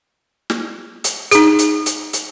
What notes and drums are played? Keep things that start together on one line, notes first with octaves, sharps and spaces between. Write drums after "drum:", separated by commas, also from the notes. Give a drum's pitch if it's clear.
drum: snare
drum: hi-hat
D#4 G#4, drum: hi-hat
drum: hi-hat
drum: hi-hat
drum: hi-hat